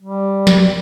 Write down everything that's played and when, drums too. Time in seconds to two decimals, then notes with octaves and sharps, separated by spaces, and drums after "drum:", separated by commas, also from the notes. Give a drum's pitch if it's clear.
0.01 G3
0.47 drum: snare